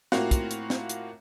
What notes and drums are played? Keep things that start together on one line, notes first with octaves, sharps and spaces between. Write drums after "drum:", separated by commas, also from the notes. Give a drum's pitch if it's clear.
A2 A#3 C4 F4 F#4, drum: snare
drum: kick, hi-hat
drum: hi-hat
drum: snare
drum: hi-hat